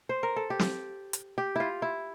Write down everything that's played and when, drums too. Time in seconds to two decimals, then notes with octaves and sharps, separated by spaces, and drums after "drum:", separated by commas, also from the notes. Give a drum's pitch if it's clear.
0.09 C5
0.23 A#4
0.36 A4
0.50 G4
0.59 drum: snare
1.13 drum: hi-hat
1.38 G4
1.56 E4 F4
1.82 E4